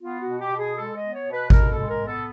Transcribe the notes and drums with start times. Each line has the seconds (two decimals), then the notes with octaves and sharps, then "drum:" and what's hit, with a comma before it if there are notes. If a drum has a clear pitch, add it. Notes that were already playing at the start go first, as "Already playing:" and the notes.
0.02 B3 F4
0.20 F#4
0.27 B2
0.39 G4
0.51 B2
0.58 G#4
0.76 G#3 A4
0.95 D#5
1.01 B3
1.13 C#5
1.26 B2
1.32 B4
1.50 B2 A#4, drum: kick G#1
1.69 A4
1.76 G#3
1.88 A#4
2.00 B3
2.06 A4